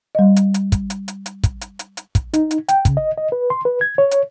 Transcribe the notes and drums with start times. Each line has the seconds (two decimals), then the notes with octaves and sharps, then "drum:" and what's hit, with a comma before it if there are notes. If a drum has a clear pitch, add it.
0.15 G3 D#5
0.36 drum: hi-hat
0.54 drum: hi-hat
0.72 drum: kick, hi-hat
0.90 drum: hi-hat
1.08 drum: hi-hat
1.26 drum: hi-hat
1.44 drum: kick, hi-hat
1.61 drum: hi-hat
1.79 drum: hi-hat
1.97 drum: hi-hat
2.15 drum: kick, hi-hat
2.34 D#4, drum: hi-hat
2.51 drum: hi-hat
2.69 G5, drum: hi-hat
2.85 C#3, drum: kick, hi-hat
2.97 D#5
3.18 D#5
3.32 B4
3.50 C6
3.65 B4
3.81 G#6
3.98 C#5
4.11 drum: hi-hat